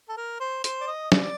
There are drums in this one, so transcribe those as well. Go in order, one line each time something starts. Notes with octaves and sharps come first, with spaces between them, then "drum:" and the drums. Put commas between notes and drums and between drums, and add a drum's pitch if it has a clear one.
A4
A#4
C5
C5, drum: hi-hat
D5
D#5
D5, drum: snare